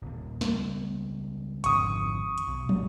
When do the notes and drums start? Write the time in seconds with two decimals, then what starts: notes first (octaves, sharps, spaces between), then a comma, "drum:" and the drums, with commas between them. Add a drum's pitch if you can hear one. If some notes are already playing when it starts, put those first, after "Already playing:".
0.02 D#1 D#2
0.41 C#2 G3 B3, drum: snare
1.64 G#1 F2 D3 C#6 D#6, drum: hi-hat
2.38 drum: hi-hat
2.47 B1 B2
2.69 D#1, drum: tom